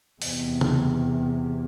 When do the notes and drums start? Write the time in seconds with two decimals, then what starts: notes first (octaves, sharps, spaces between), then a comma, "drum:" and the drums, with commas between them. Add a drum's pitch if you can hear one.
0.22 E2 C3, drum: open hi-hat
0.61 drum: tom